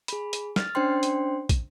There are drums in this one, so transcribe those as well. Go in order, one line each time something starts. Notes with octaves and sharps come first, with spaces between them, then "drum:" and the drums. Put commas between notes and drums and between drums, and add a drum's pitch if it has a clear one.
G#4 B5, drum: hi-hat
drum: hi-hat
F6 A6, drum: snare
C#4 D4 C5 G5 C6
drum: hi-hat
drum: kick, hi-hat